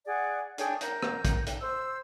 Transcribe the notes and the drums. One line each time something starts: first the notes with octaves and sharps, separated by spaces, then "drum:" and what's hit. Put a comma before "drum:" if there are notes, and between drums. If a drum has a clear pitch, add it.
G#4 D5 F#5
D4 G#4 C#5 G5, drum: hi-hat
A#4 G6, drum: hi-hat
drum: rim click
drum: kick, hi-hat
drum: hi-hat
C5 E6